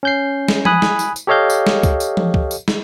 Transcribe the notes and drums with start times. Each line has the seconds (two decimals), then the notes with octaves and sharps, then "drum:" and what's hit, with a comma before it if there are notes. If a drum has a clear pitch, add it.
0.03 C#4 G6 C7
0.48 drum: snare
0.65 G#5 B5 D#6 F#6, drum: tom F3
0.82 drum: snare
0.99 drum: tambourine
1.16 drum: tambourine
1.27 G4 A4 C#5 D#5 F5 G6
1.50 drum: tambourine
1.67 drum: snare
1.83 drum: kick C#2, tambourine
2.00 drum: tambourine
2.17 drum: tom F3
2.34 drum: kick C#2
2.51 drum: tambourine
2.68 drum: snare